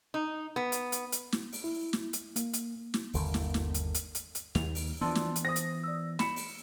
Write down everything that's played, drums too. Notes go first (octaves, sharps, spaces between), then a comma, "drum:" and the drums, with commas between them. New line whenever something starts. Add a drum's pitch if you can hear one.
D#4
B3
drum: hi-hat
drum: hi-hat
drum: hi-hat
drum: snare
drum: open hi-hat
E4
drum: snare
drum: hi-hat
A#3, drum: hi-hat
drum: hi-hat
drum: snare
G1 D#2 D3 D#3, drum: open hi-hat
drum: snare
drum: snare
drum: hi-hat
drum: hi-hat
drum: hi-hat
drum: hi-hat
D#2 F7, drum: snare
drum: open hi-hat
E3 F3 B3 D4 A5 C6 E6
drum: snare
drum: hi-hat
C5 D#6 A#6
drum: hi-hat
D5 E6
B5 C#7 E7, drum: snare
drum: open hi-hat